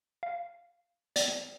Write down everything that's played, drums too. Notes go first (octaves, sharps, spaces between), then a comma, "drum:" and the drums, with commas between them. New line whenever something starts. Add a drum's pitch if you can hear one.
F5
D5, drum: hi-hat